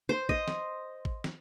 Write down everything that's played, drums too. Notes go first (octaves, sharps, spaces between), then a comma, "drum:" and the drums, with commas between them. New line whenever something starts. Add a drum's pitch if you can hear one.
C5
D#5, drum: kick
drum: snare
drum: kick
drum: snare